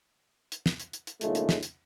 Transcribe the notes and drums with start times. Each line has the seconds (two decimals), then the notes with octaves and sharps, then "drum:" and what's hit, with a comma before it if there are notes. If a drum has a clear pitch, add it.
0.52 drum: hi-hat
0.66 drum: snare
0.80 drum: hi-hat
0.93 drum: hi-hat
1.07 drum: hi-hat
1.21 A#1 D#2 C#3 G#3 A3, drum: hi-hat
1.35 drum: hi-hat
1.49 drum: snare
1.63 drum: hi-hat